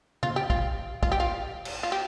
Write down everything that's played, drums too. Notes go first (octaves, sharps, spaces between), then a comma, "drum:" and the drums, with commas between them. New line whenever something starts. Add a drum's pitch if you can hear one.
F4, drum: tom C3
G4
F4, drum: kick
F4, drum: kick
G4
F4
drum: cymbal
F4
G4